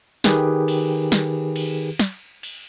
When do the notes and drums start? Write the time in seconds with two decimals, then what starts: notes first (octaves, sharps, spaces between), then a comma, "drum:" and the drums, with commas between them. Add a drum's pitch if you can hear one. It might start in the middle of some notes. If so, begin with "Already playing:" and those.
0.24 D#3 G4 G#4 B4, drum: snare
0.68 drum: cymbal
1.12 drum: snare
1.56 drum: cymbal
1.99 drum: snare
2.43 drum: cymbal